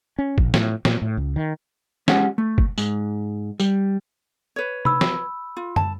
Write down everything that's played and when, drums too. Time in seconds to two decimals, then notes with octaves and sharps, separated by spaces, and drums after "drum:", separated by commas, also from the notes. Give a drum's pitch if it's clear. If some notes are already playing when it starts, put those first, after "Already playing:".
0.19 C#4
0.38 A#1, drum: kick
0.54 A2, drum: snare
0.85 A#2, drum: snare
1.02 A2
1.17 C#2
1.36 D#3
2.08 G#3 C#4 G4 F#5, drum: snare
2.38 A3
2.58 drum: kick
2.78 G#2, drum: tambourine
3.60 G3, drum: tambourine
4.56 B4 C#5
4.85 B5 E6, drum: tom C3
5.01 drum: snare
5.57 F4
5.76 A5, drum: tom F#2